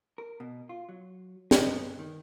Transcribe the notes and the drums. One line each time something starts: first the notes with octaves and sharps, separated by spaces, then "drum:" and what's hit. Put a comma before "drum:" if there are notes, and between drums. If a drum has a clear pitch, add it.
A#4
B2
F4
F#3
D#4, drum: snare
B3
D#3